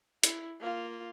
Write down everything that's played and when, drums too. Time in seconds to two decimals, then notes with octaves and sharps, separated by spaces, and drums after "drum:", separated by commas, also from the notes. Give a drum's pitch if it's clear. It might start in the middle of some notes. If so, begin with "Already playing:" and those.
0.23 E4, drum: hi-hat
0.60 A#3 F4